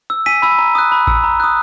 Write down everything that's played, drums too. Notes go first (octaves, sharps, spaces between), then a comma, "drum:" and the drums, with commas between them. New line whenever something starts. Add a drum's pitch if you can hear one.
E6
G#5 B6 D#7
B5 E6
A#5
D#6 F#6
B5
E6, drum: kick A1
A#5
D#6 F#6